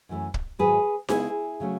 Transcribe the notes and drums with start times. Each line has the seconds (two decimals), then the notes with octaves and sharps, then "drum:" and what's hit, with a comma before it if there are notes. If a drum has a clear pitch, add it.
0.09 F#2 E3 A3 C#4
0.34 drum: kick
0.59 G#2 D#3 F#3 G#4 B4
1.09 C#3 G#3 B3 E4 G#4, drum: snare D#4
1.60 C#3 F#3 A3 C#4